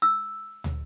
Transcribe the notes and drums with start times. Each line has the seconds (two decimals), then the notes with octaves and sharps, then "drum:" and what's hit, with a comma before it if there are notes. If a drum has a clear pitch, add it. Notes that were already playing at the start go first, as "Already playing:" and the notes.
0.02 E6
0.64 drum: tom